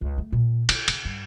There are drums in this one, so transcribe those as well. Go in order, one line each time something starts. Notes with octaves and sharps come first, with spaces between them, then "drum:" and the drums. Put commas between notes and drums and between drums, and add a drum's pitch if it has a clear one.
C#2
A3
A#2
E4, drum: cymbal
C#3, drum: cymbal
G2